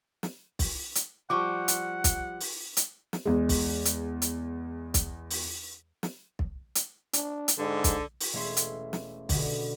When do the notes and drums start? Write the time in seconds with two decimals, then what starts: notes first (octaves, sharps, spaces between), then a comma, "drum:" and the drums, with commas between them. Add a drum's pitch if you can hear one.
0.23 drum: snare
0.59 drum: kick, open hi-hat
0.95 drum: hi-hat
1.30 F3 G3 F#5 C#6 D6
1.68 drum: hi-hat
2.04 drum: kick, hi-hat
2.40 drum: open hi-hat
2.77 drum: hi-hat
3.13 drum: snare
3.25 E2 G#3
3.49 drum: kick, open hi-hat
3.85 drum: hi-hat
4.22 drum: hi-hat
4.94 drum: kick, hi-hat
5.30 drum: open hi-hat
6.03 drum: snare
6.39 drum: kick
6.75 drum: hi-hat
7.13 D4, drum: hi-hat
7.48 drum: hi-hat
7.58 G#2 D3
7.84 drum: kick, hi-hat
8.20 drum: open hi-hat
8.33 E1 A3 C#4 C#5 E5 C6
8.57 drum: hi-hat
8.93 drum: snare
9.29 B2 D3, drum: kick, open hi-hat